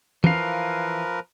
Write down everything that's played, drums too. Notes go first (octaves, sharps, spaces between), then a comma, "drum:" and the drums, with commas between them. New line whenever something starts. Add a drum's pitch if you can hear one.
E3 F3 A#4 B4 F5, drum: tom